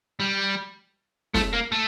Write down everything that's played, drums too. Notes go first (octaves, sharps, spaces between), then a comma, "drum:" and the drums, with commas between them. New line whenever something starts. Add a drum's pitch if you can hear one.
G3
A3, drum: snare
A#3
A3